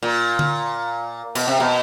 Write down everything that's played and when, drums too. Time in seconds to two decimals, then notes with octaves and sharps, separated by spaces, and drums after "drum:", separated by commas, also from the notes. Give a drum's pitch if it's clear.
0.03 A#2
0.39 drum: tom D3
1.35 B2, drum: cymbal
1.48 C3
1.60 B2